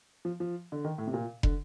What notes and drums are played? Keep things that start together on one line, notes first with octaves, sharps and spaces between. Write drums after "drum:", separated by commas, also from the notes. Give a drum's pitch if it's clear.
F3
F3
D3
D#3
A2
C3
A#2
D3, drum: kick